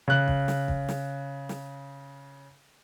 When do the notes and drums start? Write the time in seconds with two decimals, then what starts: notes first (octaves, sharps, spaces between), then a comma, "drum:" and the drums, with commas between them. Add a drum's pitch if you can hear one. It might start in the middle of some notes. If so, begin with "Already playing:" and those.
0.08 C#3 F#6
0.28 drum: kick
0.48 drum: snare
0.68 drum: kick
0.89 drum: snare
1.49 drum: snare